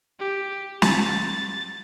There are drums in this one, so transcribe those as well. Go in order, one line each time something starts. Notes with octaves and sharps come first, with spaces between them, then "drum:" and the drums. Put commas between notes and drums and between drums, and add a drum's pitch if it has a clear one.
G4
A6, drum: snare